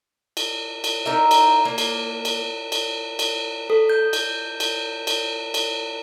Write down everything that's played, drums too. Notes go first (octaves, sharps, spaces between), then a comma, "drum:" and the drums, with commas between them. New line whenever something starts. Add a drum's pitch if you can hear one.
drum: cymbal
drum: cymbal
D#4 A#4 D5 E5
drum: cymbal
A#3
drum: cymbal
drum: cymbal
drum: cymbal
drum: cymbal
A4
G6
drum: cymbal
drum: cymbal
drum: cymbal
drum: cymbal